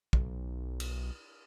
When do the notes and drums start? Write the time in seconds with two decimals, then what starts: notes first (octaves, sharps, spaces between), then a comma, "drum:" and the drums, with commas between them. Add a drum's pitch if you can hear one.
0.13 B1, drum: kick
0.80 drum: cymbal